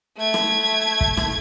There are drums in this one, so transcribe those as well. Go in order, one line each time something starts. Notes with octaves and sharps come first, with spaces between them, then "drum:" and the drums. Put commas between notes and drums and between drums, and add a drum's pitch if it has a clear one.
A3 G#6
drum: rim click
drum: kick
drum: rim click